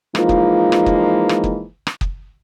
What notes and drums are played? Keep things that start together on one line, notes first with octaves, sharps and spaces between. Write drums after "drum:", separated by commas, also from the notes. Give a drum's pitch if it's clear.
E3 F3 G#3 A#3 D#4 F4, drum: rim click
drum: kick
drum: rim click
drum: kick
drum: rim click
drum: kick
drum: rim click
drum: kick